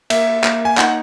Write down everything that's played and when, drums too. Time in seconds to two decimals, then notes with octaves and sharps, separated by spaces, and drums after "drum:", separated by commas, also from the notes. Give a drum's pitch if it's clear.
0.10 A#3 E5, drum: cymbal
0.44 A#3, drum: clap
0.65 G#5
0.78 D#4 F#5, drum: clap